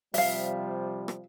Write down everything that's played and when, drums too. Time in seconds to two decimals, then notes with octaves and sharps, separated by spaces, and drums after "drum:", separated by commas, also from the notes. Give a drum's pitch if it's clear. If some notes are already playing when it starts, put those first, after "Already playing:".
0.14 C3 F3 G3 E5 F5, drum: open hi-hat
1.08 drum: rim click